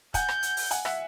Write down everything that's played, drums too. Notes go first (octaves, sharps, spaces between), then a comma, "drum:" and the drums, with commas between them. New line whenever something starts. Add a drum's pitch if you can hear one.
F#5 G#5 G6, drum: kick, hi-hat
drum: rim click
drum: hi-hat
drum: open hi-hat
F#5 G#5, drum: hi-hat
E5 F#5, drum: rim click